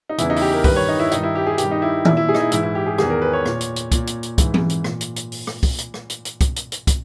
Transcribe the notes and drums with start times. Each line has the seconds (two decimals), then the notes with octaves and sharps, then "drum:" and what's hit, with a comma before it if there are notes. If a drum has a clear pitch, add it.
0.09 D#4
0.18 E2 C#3 E3 E4, drum: hi-hat
0.30 D#4
0.36 E4, drum: open hi-hat
0.41 G4
0.53 A#4
0.64 G2 D#3 B4, drum: kick, open hi-hat
0.76 C#5
0.89 D#4
0.99 E4
1.11 G2 D#3 D#4, drum: hi-hat
1.23 E4
1.35 G4
1.47 G#4
1.58 G2 D#3 G4, drum: hi-hat
1.71 D#4
1.82 E4
2.05 A#2 E4, drum: tom D#3
2.17 E4
2.29 G#4
2.35 D#4, drum: rim click
2.40 E4
2.52 G#2 E3 E4, drum: hi-hat
2.63 E4
2.75 G4
2.86 G#4
2.98 E2 D#3 G#4, drum: rim click
3.10 A#4
3.22 B4
3.33 C#5
3.46 A#2, drum: rim click
3.61 drum: hi-hat
3.76 drum: hi-hat
3.92 A#2, drum: kick, hi-hat
4.07 drum: hi-hat
4.23 drum: hi-hat
4.38 G#2 E3, drum: kick, hi-hat
4.54 drum: tom E3
4.69 drum: hi-hat
4.84 A#2, drum: rim click
5.01 drum: hi-hat
5.16 drum: hi-hat
5.32 drum: open hi-hat
5.47 drum: rim click
5.63 drum: kick, open hi-hat
5.78 drum: hi-hat
5.94 drum: rim click
6.10 drum: hi-hat
6.25 drum: hi-hat
6.41 drum: kick, hi-hat
6.56 drum: hi-hat
6.72 drum: hi-hat
6.87 drum: kick, hi-hat